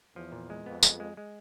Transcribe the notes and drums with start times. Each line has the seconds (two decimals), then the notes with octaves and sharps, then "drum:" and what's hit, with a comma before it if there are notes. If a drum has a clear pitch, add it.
0.16 E2 F3
0.32 A#2
0.50 G#3
0.66 F2 B3
0.83 G#3, drum: tambourine
1.00 G#3
1.17 G#3